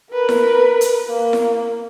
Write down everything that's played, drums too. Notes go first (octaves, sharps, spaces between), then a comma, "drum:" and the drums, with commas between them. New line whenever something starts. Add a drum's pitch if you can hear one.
A#4 B4
drum: snare E4
drum: hi-hat
A#3
drum: snare E4